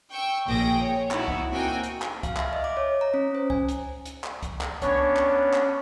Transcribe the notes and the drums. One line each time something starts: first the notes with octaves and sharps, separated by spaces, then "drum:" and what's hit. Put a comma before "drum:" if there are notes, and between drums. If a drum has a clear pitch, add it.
G5 C#6 E6
A#1 A#2 G#4 G5 A#6
C#5
B3 D#4 E4 F#4, drum: clap
drum: kick C#2
A#3 C4 D#4 F#4 G5 G#5
drum: hi-hat
drum: clap
F5, drum: kick C#2, hi-hat
E5, drum: clap
D#5
D6
C#5
A#5
C#4
C5
G#5, drum: kick C#2
drum: hi-hat
drum: hi-hat
drum: clap
drum: kick C#2, hi-hat
drum: clap
B3 C#4 D4 C#5, drum: kick C#2, hi-hat
drum: clap
drum: clap